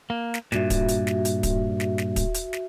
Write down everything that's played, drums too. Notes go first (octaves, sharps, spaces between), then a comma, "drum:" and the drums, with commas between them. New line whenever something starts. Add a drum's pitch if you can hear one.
A#3
drum: snare
G2 A#2 F#4 E5, drum: snare
drum: kick, hi-hat
drum: hi-hat
drum: snare
drum: hi-hat
drum: kick, hi-hat
drum: snare
drum: snare
drum: kick, hi-hat
drum: hi-hat
drum: snare